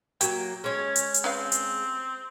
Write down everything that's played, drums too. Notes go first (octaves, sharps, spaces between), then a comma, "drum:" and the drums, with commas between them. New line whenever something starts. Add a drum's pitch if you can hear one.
F#3 A#3 G4, drum: hi-hat
G#3 C#4 C#5
drum: hi-hat
drum: hi-hat
C4 C#4 B4 F5
drum: hi-hat